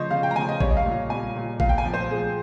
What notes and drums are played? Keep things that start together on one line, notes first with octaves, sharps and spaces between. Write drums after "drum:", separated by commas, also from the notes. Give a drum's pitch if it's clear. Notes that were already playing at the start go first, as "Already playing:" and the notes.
Already playing: C#3 F3 C5 C#5 D#5
C#3 F5
G5
A#5
C#3 G#5
D#5
G3 C#5, drum: kick A1
D#5
F5
A#2
G3 G#5
A#2
A#2 F5, drum: kick A1
G5
G#5
F3
C5
F3 G#4